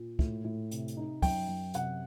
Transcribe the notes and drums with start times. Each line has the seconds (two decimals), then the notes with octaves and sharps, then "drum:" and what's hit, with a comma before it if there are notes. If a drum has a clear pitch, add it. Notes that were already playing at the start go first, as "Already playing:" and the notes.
Already playing: A#2
0.19 A2, drum: kick
0.45 A2
0.71 C3, drum: hi-hat
0.88 drum: hi-hat
0.97 D#4
1.22 F#2 G5, drum: kick, open hi-hat
1.48 F#2
1.74 C3 F#5, drum: hi-hat